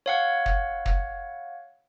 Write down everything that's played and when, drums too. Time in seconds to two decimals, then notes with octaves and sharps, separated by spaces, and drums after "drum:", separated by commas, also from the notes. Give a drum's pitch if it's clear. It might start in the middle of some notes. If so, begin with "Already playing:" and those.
0.06 C#5 F5 F#5
0.46 drum: kick
0.86 drum: kick